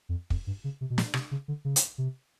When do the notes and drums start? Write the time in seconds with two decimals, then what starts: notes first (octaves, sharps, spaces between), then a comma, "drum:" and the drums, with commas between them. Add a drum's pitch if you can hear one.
0.09 F2
0.30 F2, drum: kick
0.47 G2
0.64 C#3
0.81 C3
0.90 B2
0.98 A#2, drum: snare
1.14 C3, drum: rim click
1.31 C#3
1.48 D3
1.65 C#3
1.76 drum: hi-hat
1.98 C3